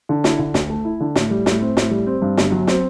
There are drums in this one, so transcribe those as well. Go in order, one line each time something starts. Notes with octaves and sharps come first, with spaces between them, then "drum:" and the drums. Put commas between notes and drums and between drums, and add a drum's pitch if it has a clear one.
D3
E4, drum: snare
D3
D2, drum: snare
A3
E4
D3
A2, drum: snare
G3
A2, drum: snare
C4
A2, drum: snare
G3
C4
G2
G1, drum: snare
F#3
C4, drum: snare